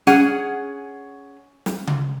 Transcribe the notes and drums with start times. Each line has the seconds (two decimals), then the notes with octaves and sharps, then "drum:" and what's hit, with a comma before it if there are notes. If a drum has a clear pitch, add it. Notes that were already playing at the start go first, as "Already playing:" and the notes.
0.07 C#4 G#4 F#5, drum: snare
1.66 drum: snare
1.87 drum: tom C#3